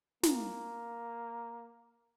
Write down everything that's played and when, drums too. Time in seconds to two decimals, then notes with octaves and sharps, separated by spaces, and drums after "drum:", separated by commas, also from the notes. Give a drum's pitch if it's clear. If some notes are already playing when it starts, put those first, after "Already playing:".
0.23 A#3, drum: snare